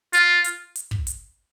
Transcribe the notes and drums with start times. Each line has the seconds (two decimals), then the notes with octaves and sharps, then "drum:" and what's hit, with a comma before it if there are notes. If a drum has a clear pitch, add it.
0.13 F4, drum: hi-hat
0.44 drum: hi-hat
0.76 drum: hi-hat
0.91 drum: kick
1.07 drum: hi-hat